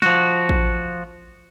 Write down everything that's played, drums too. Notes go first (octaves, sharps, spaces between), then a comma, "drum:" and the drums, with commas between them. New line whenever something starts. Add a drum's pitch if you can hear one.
F3 F#4, drum: snare
drum: kick